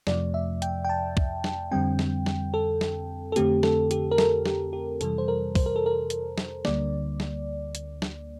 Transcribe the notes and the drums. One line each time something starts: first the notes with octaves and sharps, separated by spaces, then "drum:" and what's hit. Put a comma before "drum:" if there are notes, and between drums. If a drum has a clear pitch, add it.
F2 C3 F3 A3 D5, drum: snare
E5
G5, drum: hi-hat
G5
A5
drum: kick C2
drum: snare
F2 D3 G3 C4 G5
drum: snare
drum: snare
A4
drum: snare
A4
F2 D3 A3 C4 G4, drum: hi-hat
A4, drum: snare
G4, drum: hi-hat
A#4
A4, drum: snare
G4, drum: snare
G4
F2 C3 E3 G3 A4, drum: hi-hat
C5
A#4
C5, drum: kick C2, open hi-hat
A#4
A4
A#4
drum: hi-hat
drum: snare
D2 D3 G3 A#3 D5, drum: snare
drum: snare
drum: hi-hat
drum: snare